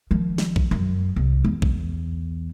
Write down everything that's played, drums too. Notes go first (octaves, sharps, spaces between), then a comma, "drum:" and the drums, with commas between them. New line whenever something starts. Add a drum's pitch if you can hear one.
D#3 F3
drum: snare
drum: kick A#1
F#2
C2
E2
drum: kick A#1